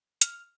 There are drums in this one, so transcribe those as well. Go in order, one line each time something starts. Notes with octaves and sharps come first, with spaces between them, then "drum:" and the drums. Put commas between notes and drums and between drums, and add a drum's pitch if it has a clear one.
F6, drum: hi-hat